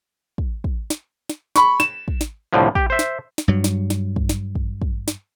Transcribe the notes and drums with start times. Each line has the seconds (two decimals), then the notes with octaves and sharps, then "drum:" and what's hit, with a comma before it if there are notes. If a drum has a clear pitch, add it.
0.38 drum: kick
0.64 drum: kick
0.90 drum: snare
1.29 drum: snare
1.56 B5 C#6, drum: snare
1.80 E7, drum: snare
2.08 drum: kick
2.21 drum: snare
2.53 C2 A2 D3 F3
2.75 G4, drum: kick
2.90 C5 E5
2.99 drum: snare
3.38 drum: snare
3.48 G2 F#3
3.64 drum: snare
3.90 drum: snare
4.16 drum: kick
4.29 drum: snare
4.55 drum: kick
4.82 drum: kick
5.08 drum: snare